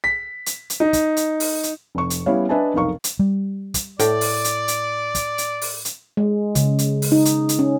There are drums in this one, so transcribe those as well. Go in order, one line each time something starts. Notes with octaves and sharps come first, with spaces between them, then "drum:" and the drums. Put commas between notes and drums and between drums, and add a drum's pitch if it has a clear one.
B6
drum: hi-hat
drum: hi-hat
D#4
drum: kick, hi-hat
drum: hi-hat
drum: open hi-hat
drum: hi-hat
F1 C#6
drum: hi-hat
G3 B3 C#4 E4 C#5 F5
D4 B4 D#5 E5 G#5 A5
F1 B1 D#4 A#4 F5 C#6
drum: hi-hat
G3
drum: kick, hi-hat
A2 D5 G5, drum: hi-hat
drum: open hi-hat
drum: hi-hat
drum: hi-hat
drum: kick, hi-hat
drum: hi-hat
drum: open hi-hat
drum: hi-hat
G#3
C#3, drum: kick, hi-hat
drum: hi-hat
drum: open hi-hat
D#4
drum: hi-hat
drum: hi-hat
C#4